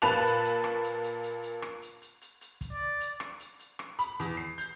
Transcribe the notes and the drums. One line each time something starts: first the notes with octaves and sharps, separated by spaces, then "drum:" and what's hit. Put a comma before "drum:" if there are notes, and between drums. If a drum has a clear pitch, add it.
A#2 B4 A5 B5 F#6 F7, drum: rim click
drum: hi-hat
drum: hi-hat
drum: rim click
drum: hi-hat
drum: hi-hat
drum: hi-hat
drum: hi-hat
drum: rim click
drum: hi-hat
drum: hi-hat
drum: hi-hat
drum: hi-hat
drum: kick, hi-hat
D5
drum: hi-hat
drum: rim click
drum: hi-hat
drum: hi-hat
drum: rim click
B5, drum: hi-hat
E2, drum: hi-hat
C7
G6, drum: hi-hat